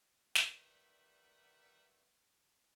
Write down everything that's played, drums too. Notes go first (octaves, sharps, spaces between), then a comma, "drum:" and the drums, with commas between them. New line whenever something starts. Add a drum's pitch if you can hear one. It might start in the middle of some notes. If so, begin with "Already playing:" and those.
D#3 G3 B4 D5 E5 F#5, drum: snare